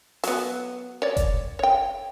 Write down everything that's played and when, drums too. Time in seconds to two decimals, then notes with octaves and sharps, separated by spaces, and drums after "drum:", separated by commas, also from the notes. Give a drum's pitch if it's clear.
0.24 F#3 B3, drum: open hi-hat
1.02 C#5 D5
1.17 drum: kick F1, hi-hat
1.59 C#5 G5